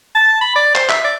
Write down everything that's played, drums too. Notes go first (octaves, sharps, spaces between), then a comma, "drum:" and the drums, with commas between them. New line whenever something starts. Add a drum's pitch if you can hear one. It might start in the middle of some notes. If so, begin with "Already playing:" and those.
A5
B5
D5
C5, drum: clap
E5, drum: clap
D5